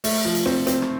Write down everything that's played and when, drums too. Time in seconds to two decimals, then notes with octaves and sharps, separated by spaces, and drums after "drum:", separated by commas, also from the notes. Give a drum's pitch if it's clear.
0.04 A3, drum: open hi-hat
0.25 F3
0.35 drum: hi-hat
0.46 C4
0.67 C4, drum: hi-hat
0.82 drum: rim click